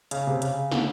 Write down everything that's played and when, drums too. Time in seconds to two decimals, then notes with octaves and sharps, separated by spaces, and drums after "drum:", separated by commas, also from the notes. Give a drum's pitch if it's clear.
0.11 C#3, drum: hi-hat
0.27 C3
0.42 C#3, drum: hi-hat
0.71 D3, drum: snare